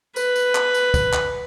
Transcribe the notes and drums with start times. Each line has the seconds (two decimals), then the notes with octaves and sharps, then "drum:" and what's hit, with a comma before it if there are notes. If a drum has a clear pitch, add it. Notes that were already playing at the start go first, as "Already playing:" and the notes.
0.16 B4, drum: tambourine
0.36 drum: tambourine
0.55 drum: clap
0.74 drum: tambourine
0.94 drum: kick, tambourine
1.13 drum: clap